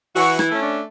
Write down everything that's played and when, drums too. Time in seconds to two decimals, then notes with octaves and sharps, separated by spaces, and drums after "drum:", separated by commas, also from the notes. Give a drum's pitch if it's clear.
0.16 E3 F#4, drum: open hi-hat
0.39 E4, drum: rim click
0.50 A3 C#4
0.61 D4